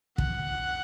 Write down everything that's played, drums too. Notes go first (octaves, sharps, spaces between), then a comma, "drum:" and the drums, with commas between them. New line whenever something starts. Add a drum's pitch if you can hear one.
F#5, drum: kick